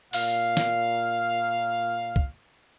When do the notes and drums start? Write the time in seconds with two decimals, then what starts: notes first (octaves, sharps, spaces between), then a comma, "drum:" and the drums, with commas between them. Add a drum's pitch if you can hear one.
0.13 A#2 F5, drum: open hi-hat
0.57 drum: snare
2.16 drum: kick